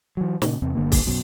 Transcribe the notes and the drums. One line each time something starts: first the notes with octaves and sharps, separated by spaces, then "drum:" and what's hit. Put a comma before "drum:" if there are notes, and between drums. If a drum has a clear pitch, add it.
E3 F#3
A#2 C#3, drum: snare
E2 C3 C4
G1 D3 A#3
drum: kick, open hi-hat
F#2 B2